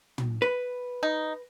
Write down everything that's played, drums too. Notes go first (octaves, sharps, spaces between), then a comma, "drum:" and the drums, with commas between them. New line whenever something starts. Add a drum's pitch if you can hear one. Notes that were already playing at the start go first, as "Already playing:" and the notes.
drum: tom
B4
D#4